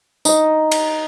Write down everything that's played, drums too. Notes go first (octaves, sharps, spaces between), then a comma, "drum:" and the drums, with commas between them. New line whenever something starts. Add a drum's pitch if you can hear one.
D#4 D#5, drum: tambourine
drum: cymbal